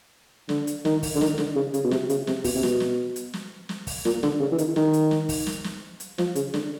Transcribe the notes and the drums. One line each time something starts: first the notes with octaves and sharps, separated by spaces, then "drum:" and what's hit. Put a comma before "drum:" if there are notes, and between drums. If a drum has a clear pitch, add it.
D3, drum: snare
drum: hi-hat
D#3, drum: snare
drum: kick, open hi-hat
D3
D#3, drum: snare
D3, drum: snare
C#3
C#3, drum: hi-hat
B2
C3, drum: snare
C#3, drum: hi-hat
C3, drum: snare
B2, drum: kick, open hi-hat
C3
B2, drum: snare
drum: snare
drum: hi-hat
drum: snare
drum: snare
drum: kick, open hi-hat
A#2, drum: snare
D3, drum: snare
C#3
E3
D#3, drum: hi-hat
D#3, drum: snare
drum: hi-hat
drum: snare
drum: kick, open hi-hat
drum: snare
drum: snare
drum: hi-hat
F3, drum: snare
C#3, drum: hi-hat
D3, drum: snare